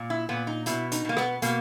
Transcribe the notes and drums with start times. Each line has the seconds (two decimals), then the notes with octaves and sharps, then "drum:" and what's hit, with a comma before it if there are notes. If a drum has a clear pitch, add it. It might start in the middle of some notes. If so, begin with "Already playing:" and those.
Already playing: A#2
0.10 E4
0.29 A#2 B3
0.47 D#4
0.66 B2 E4, drum: hi-hat
0.92 D#4, drum: hi-hat
1.05 B2 A#3
1.17 B3, drum: rim click
1.42 B2 A#3, drum: hi-hat